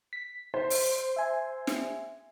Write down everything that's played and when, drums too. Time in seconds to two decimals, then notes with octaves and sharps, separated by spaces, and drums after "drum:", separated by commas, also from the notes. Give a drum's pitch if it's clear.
0.13 B6
0.54 C5
0.70 drum: open hi-hat
1.16 E5 G#5
1.67 drum: snare